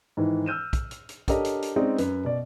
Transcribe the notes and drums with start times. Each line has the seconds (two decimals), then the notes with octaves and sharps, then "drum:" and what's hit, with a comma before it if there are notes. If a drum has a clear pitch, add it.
0.17 G#2 D#3 E3
0.46 E6 F6 G6 D#7 E7
0.73 drum: kick, hi-hat
0.91 drum: hi-hat
1.09 drum: hi-hat
1.28 D4 G4 A4 A#4 C#5 D#5, drum: kick, hi-hat
1.45 drum: hi-hat
1.62 drum: hi-hat
1.76 G#3 C4 C#4 D#4 D5
1.98 F#2 B4, drum: hi-hat
2.24 B2 D5